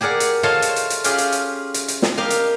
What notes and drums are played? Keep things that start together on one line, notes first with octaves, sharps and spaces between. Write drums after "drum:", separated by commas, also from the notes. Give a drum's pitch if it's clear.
G4 G#4 A#4 D5 F#5
drum: hi-hat
F4 A4 C5 C#5 D#5 F5
drum: hi-hat
drum: hi-hat
drum: hi-hat
C#4 F4 G4 G#4, drum: hi-hat
drum: hi-hat
drum: hi-hat
drum: hi-hat
drum: hi-hat
drum: snare
G4 A#4 D#5 F5
drum: hi-hat